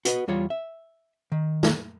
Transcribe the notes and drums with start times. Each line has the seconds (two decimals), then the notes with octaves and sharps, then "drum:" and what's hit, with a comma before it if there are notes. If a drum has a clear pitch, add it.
0.05 F#4 B4 D#5, drum: hi-hat
0.28 E2 G3 F4 C#5
0.50 E5
1.32 D#3
1.63 drum: snare